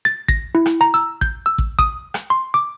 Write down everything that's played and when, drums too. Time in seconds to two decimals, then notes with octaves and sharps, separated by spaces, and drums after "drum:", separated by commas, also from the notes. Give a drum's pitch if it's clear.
0.05 A6
0.28 A#6, drum: kick
0.55 E4
0.66 drum: rim click
0.81 A#5
0.94 E6
1.21 G6, drum: kick
1.46 E6
1.58 drum: kick
1.79 D#6, drum: kick
2.14 drum: rim click
2.30 C6
2.54 D6